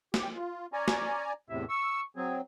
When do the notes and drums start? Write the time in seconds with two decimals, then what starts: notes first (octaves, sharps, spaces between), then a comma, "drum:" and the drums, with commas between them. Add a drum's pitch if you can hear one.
0.14 G4, drum: snare
0.35 F4
0.73 C#4 D5 G#5 A#5
0.88 drum: snare
1.50 E2 A2 C3 E5
1.69 C#6 E6
2.17 F#3 C4 G#4